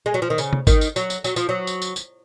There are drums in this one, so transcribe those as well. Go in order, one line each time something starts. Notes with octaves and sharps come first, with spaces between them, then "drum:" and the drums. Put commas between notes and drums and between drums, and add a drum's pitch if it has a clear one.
G#3
F#3
F3
D#3
C#3, drum: tambourine
drum: tom C3
D#3, drum: kick G#1, tambourine
drum: tambourine
F#3, drum: tambourine
drum: tambourine
F#3, drum: tambourine
F3, drum: tambourine
F#3
drum: tambourine
drum: tambourine
drum: tambourine